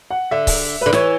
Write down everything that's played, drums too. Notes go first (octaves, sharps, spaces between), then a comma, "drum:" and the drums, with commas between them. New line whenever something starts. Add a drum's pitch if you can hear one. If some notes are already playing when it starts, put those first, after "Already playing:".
F#5
D3 E5
drum: kick C#1, open hi-hat
D3 B4
E3 C#5, drum: snare